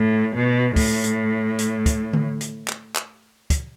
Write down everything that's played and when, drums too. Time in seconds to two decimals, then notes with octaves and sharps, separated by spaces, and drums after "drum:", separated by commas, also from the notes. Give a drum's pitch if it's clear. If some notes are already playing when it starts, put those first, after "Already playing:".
Already playing: A2
0.35 B2
0.76 A2, drum: kick, open hi-hat
1.04 drum: hi-hat
1.58 drum: hi-hat
1.86 drum: kick, hi-hat
2.13 drum: tom D3
2.41 drum: hi-hat
2.68 drum: clap
2.95 drum: clap
3.50 drum: kick, hi-hat